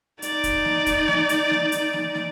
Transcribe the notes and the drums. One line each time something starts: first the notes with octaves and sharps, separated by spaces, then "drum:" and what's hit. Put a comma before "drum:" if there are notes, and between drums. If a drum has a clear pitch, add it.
D#4 D5, drum: hi-hat
drum: kick, hi-hat
drum: snare
drum: kick, hi-hat
drum: snare
drum: hi-hat
drum: snare
drum: hi-hat
drum: snare
drum: snare